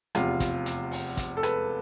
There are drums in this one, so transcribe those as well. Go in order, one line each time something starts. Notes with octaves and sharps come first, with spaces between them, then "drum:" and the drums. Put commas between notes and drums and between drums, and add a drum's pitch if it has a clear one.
F1 E2 C3 F4, drum: rim click
drum: kick, hi-hat
drum: hi-hat
drum: open hi-hat
drum: kick, hi-hat
A4
B4, drum: rim click